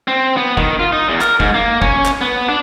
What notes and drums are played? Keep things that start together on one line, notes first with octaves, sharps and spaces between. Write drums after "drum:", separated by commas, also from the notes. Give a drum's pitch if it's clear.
C4
B3
D#3, drum: kick
F4
D#4
E2
A#4, drum: clap
G#2, drum: kick
A#3
C#4, drum: kick
drum: clap
B3
D4